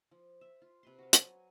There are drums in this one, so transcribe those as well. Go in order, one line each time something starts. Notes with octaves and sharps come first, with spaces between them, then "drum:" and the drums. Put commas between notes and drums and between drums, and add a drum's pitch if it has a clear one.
F3
E5
F4
C3 B4 C6
F#4 F5
F#3 G#5, drum: hi-hat